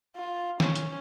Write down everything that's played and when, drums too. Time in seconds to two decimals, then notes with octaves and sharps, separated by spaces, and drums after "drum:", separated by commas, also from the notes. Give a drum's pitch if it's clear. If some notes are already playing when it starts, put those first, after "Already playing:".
0.16 F4
0.60 C#4, drum: snare
0.75 drum: hi-hat